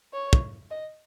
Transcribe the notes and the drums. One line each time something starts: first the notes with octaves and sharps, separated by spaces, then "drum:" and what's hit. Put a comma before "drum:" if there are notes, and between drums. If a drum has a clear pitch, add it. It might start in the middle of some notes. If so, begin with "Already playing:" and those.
C#5
drum: kick
D#5